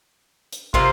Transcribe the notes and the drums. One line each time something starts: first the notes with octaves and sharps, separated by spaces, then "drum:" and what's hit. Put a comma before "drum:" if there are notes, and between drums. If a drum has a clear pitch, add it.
drum: hi-hat
C3 A#3 F4 C5, drum: kick